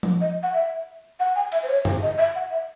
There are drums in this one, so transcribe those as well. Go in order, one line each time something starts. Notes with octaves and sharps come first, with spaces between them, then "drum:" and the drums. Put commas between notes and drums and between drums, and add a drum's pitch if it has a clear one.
drum: tom F3
D#5
F#5
E5
F#5
G#5
E5, drum: cymbal
C5
C#5
C5, drum: tom F#2
D#5
E5
F#5
E5